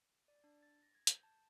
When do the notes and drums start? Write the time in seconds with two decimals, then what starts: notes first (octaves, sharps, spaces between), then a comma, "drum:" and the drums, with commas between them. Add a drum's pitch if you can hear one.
0.28 D5
0.44 D4
0.63 A6
0.83 A#6
0.95 G#6
1.07 G6, drum: hi-hat
1.23 A5